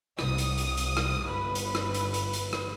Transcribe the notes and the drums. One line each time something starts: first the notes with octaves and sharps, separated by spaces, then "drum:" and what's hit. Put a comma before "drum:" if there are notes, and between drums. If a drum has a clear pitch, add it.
C2 D#6, drum: rim click
drum: hi-hat
drum: hi-hat
drum: hi-hat
drum: rim click
G1 B4
drum: hi-hat
drum: rim click
drum: hi-hat
drum: hi-hat
drum: hi-hat
drum: rim click